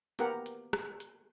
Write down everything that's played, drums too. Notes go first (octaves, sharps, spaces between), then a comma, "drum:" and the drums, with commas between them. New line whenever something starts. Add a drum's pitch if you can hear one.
A#3 B3 G4 A#4 F#5, drum: hi-hat
drum: hi-hat
drum: rim click
drum: hi-hat